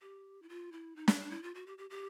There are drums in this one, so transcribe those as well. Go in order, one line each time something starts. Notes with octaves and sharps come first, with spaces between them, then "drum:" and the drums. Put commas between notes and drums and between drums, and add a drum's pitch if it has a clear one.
G4
E4
F4
E4
D#4
D4, drum: snare
D4
E4
F4
F#4
G4
G4
G4